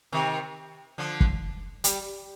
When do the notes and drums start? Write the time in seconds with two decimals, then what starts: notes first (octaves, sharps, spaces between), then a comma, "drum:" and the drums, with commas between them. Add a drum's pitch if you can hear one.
0.12 C3 D#3
0.98 D3 F3
1.20 drum: kick
1.84 G3, drum: hi-hat